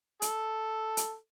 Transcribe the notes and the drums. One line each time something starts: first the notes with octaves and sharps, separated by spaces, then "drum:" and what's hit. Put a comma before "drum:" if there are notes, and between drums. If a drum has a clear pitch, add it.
A4, drum: hi-hat
drum: hi-hat